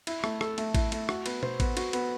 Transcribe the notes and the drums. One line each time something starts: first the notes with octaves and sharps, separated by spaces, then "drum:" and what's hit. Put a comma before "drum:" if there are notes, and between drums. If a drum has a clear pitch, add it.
E4, drum: cymbal
A3, drum: rim click
A4, drum: rim click
A3, drum: cymbal
E4, drum: kick A1, cymbal
A3, drum: cymbal
F#4, drum: rim click
B3, drum: cymbal
C5, drum: tom B2
B3, drum: kick A1, cymbal
F#4, drum: cymbal
B3, drum: cymbal